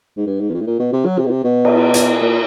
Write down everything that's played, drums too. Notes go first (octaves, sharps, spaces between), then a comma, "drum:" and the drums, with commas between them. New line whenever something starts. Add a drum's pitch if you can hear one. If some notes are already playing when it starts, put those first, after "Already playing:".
G#2
G2
G#2
E2
F2
A2
A#2
B2
C3
F#3
C3
B2
C3
B2
drum: cymbal
drum: hi-hat
A#2